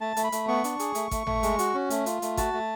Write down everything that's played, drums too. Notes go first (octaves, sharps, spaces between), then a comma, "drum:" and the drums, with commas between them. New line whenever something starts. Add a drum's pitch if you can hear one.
A3 A5
A3, drum: hi-hat
B5
A3, drum: hi-hat
B3 C#6
D4, drum: hi-hat
G#4, drum: hi-hat
A3, drum: hi-hat
A3, drum: kick G#1, hi-hat
A3, drum: tom G#1
G#3, drum: hi-hat
F#4, drum: hi-hat
C#4
A3, drum: hi-hat
F4, drum: hi-hat
A3, drum: hi-hat
F#4 A5, drum: kick G#1, hi-hat
A3